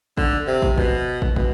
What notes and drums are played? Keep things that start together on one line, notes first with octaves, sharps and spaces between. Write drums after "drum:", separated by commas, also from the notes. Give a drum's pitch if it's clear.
D3, drum: kick
C3
drum: kick
B2, drum: kick
drum: kick
B2, drum: kick